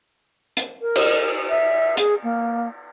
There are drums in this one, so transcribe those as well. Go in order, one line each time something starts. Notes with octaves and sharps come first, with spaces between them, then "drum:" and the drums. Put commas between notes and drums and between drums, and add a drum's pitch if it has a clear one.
drum: hi-hat
A#4
drum: cymbal
E5
G#4, drum: hi-hat
A#3